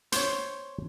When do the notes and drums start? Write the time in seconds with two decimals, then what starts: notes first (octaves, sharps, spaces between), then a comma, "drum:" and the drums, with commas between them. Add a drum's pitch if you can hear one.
0.12 C5 C#5, drum: hi-hat